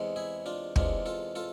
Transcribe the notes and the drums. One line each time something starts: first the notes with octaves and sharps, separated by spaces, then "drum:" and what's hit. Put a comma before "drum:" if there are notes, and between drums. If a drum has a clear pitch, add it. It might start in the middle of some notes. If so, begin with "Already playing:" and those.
Already playing: E2 C3 G#3
E4 G#4
D4 F4
E2 C3 G#3 D4 F4, drum: kick
F4 A4
F4 A4